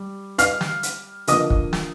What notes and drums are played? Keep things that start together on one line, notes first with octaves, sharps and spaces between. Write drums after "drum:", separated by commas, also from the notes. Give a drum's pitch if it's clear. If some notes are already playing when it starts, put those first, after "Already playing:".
Already playing: G3
F5 F6, drum: hi-hat
drum: snare
drum: hi-hat
D3 F3 A#3 D#5 D#6, drum: hi-hat
drum: kick
drum: snare